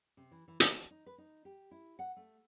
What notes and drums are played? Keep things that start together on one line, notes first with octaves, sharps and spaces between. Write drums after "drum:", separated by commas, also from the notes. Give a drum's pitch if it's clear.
C3
E3
E3
D#3, drum: hi-hat
D#4
B4
D#4
G4
E4
F#5
A3